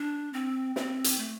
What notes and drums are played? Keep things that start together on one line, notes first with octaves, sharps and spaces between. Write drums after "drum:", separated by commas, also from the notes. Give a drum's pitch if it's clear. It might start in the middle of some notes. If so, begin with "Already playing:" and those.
Already playing: D4
C4
C4, drum: snare
drum: hi-hat
A3